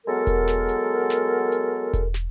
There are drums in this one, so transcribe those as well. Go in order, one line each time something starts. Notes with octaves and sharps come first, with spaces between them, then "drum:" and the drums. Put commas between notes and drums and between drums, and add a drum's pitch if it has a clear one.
F#3 G#3 B3 A4 A#4
drum: kick E1, hi-hat
drum: snare
drum: hi-hat
drum: snare
drum: hi-hat
drum: kick E1, hi-hat
drum: snare